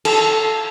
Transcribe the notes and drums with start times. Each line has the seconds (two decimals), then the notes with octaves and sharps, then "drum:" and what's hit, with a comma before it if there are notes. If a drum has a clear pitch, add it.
0.05 A4, drum: cymbal